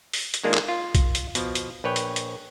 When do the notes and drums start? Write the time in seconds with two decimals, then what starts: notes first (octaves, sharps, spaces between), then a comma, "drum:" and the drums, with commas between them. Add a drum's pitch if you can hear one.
0.13 drum: open hi-hat
0.34 drum: hi-hat
0.43 D#3 G#3 A#3 D4 F4
0.54 drum: clap
0.68 F4
0.95 drum: kick B1, hi-hat
1.15 drum: hi-hat
1.35 B2 F3, drum: hi-hat
1.55 drum: hi-hat
1.84 A#1 B4 C#5 G5
1.96 drum: hi-hat
2.16 drum: hi-hat